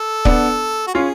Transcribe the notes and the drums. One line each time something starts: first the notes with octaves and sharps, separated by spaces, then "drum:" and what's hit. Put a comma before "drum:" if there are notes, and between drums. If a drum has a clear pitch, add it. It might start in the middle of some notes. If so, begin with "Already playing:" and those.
Already playing: A4
B3 D4, drum: kick
F#4
C#4 F4 G#4